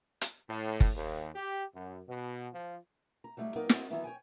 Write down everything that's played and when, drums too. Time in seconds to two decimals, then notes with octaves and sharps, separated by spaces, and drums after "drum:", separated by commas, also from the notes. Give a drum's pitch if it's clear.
0.21 drum: hi-hat
0.50 A2
0.80 drum: kick
0.96 D#2
1.35 G4
1.75 F#2
2.09 B2
2.54 F3
3.24 A#5
3.37 F#3 G3 A3 D#4 C#5
3.55 F#3 A#3 B3 D#4 A#4 G5
3.69 A#3 C4 F#4 C5 D#5, drum: snare
3.90 D#3 E3 F#3 B3 E4
4.04 C#5 G5 G#5